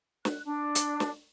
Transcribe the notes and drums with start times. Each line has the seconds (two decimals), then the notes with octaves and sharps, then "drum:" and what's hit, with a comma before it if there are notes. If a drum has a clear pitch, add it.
0.25 F#6, drum: snare
0.45 D4
0.75 drum: hi-hat
1.00 drum: snare